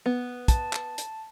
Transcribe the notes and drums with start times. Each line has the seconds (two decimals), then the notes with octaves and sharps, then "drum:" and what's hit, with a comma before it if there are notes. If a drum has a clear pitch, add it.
0.06 B3
0.48 A5, drum: kick, hi-hat
0.73 drum: clap
0.98 drum: hi-hat